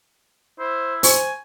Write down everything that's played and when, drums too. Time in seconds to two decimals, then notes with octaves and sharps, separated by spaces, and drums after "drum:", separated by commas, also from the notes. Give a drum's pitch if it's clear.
0.59 E4 C5
1.03 C5 G#5 C#6, drum: open hi-hat